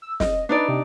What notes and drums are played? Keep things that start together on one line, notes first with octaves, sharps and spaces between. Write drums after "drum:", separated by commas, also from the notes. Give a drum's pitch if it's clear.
E6
D#5, drum: snare
D4 D#4 B4 D5
C3